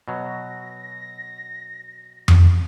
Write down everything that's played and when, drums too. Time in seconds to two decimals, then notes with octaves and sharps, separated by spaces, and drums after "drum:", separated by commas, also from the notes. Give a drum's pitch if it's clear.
0.08 B2 F#3 A#6
2.28 drum: tom F2